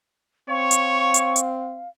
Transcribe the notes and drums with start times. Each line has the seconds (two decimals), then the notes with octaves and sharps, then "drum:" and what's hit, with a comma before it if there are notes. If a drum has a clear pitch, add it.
0.49 C4 C#5 F5 C#6
0.71 drum: hi-hat
1.14 drum: hi-hat
1.36 drum: hi-hat